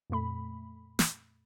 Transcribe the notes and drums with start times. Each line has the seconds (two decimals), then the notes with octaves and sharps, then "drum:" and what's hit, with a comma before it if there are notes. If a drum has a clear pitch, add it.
0.10 F2 A#2 A3 B5
0.99 drum: snare